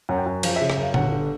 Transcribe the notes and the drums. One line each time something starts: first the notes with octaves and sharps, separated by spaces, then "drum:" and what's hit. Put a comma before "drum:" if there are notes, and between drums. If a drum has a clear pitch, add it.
F#2 F#5
G5
F#2
F3 F5, drum: cymbal
E5
C#3
E5, drum: rim click
F#2 F5
G1 F#5, drum: tom A#2
D3